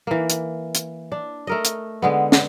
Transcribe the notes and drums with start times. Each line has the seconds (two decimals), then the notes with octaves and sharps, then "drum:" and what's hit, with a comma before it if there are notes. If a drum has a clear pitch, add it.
0.07 E3 A#3
0.30 drum: hi-hat
0.75 drum: hi-hat
1.12 D4
1.47 A3 A#4 D#5
1.65 drum: hi-hat
2.02 D3 G#3 B3
2.32 drum: snare